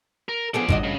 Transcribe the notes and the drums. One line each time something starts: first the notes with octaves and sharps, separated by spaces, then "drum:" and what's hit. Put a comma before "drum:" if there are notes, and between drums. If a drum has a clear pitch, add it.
A#4
F3 B3 G#4 A4 D5
G2 F#4 D#5, drum: kick G#1
C#3